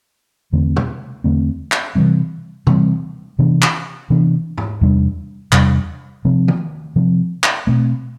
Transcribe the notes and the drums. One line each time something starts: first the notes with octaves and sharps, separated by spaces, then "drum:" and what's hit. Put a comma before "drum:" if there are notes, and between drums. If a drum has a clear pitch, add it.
E2 D3 A3 C4
drum: tom
E2 D3 A3 C4
drum: clap
C3 E3 G3 C4
C3 E3 G3 C4, drum: tom
C3 E3 B3 D4
drum: clap
C3 E3 B3 D4
drum: tom G#2
E2 C3 G3 D4
E2 C3 G3 D4, drum: clap
C3 F3 C4
drum: tom D#3
C3 F3 C4
drum: clap
B2 A3 C4